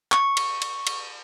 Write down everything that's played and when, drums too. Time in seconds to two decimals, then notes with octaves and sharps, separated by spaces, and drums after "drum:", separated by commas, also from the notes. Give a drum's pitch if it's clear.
0.12 C#6, drum: clap
0.37 drum: cymbal
0.62 drum: cymbal
0.87 drum: cymbal